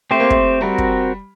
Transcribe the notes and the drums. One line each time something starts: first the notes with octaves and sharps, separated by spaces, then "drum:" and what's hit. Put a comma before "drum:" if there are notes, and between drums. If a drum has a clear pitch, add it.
A3 C4 G4 C5
A#3
A3, drum: kick
G3 C4 F#4 A#4
drum: kick